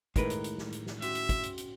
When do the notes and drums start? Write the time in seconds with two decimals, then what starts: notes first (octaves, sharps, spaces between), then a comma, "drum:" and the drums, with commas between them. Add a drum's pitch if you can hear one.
0.16 A2 D#3 G#3 A#4 B4, drum: kick, hi-hat
0.30 drum: hi-hat
0.44 drum: hi-hat
0.58 drum: snare
0.72 drum: hi-hat
0.87 drum: snare
1.02 C#4 F#4 E5, drum: hi-hat
1.15 drum: hi-hat
1.29 drum: kick, hi-hat
1.43 drum: hi-hat
1.58 drum: hi-hat